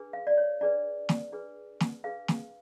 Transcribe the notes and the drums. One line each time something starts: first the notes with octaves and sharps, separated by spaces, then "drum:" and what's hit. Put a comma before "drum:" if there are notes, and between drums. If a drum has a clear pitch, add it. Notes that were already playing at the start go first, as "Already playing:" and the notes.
Already playing: D4 G#4 B4
F5
D5
C#5
D4 G#4 B4 D5
drum: snare
D4 G#4 B4
drum: snare
D4 G#4 B4 F5
drum: snare